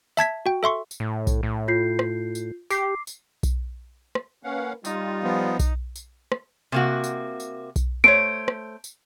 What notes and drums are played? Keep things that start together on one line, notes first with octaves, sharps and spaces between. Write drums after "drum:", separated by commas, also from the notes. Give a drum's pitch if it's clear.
E5 A5 G#6 B6, drum: tambourine
F#4 G5
A4 E5 C6 C#6
drum: tambourine
A2
drum: kick B1, tambourine
A2
F4 G6 C7
drum: rim click
drum: tambourine
G4 D6 C7, drum: tambourine
drum: tambourine
drum: kick B1, tambourine
drum: rim click
A#3 C#4 B4 F5 F#5
G3 D#4 F4, drum: tambourine
F3 B3
drum: kick B1, tambourine
drum: tambourine
drum: rim click
C3 A#3 F#4
drum: tambourine
drum: tambourine
drum: kick B1, tambourine
A3 C5 C#5 D7
drum: rim click
drum: tambourine